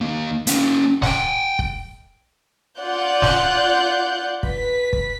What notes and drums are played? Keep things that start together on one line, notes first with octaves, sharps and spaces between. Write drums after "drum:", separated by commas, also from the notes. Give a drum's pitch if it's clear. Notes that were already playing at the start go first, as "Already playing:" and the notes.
D#2 A#3
A#3 C#4, drum: hi-hat
F#5 G5, drum: snare
drum: kick
F4 D5 F#5 F#6 G6
drum: snare
B4 B6, drum: kick
drum: kick